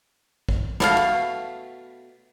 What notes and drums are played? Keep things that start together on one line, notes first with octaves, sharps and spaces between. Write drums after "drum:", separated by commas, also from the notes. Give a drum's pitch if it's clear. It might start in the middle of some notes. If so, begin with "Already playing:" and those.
drum: kick
B2 A3 F5, drum: snare
drum: cymbal